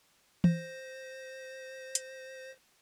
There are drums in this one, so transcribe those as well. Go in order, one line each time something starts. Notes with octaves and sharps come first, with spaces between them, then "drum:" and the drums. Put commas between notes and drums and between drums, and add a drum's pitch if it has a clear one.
C5 A#6, drum: tom
drum: hi-hat